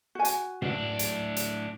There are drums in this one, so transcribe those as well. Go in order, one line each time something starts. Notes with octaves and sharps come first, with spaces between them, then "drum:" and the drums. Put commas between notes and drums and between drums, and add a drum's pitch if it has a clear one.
F#4 G#5
drum: hi-hat
A2 D4, drum: tom
drum: hi-hat
drum: hi-hat